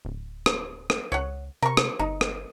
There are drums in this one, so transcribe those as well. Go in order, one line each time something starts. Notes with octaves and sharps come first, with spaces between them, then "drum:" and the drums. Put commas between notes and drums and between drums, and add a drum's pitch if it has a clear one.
D1
drum: rim click
drum: rim click
C#2 C#5 F#5
C3 A#4 C#6
drum: rim click
G1 D#4
drum: rim click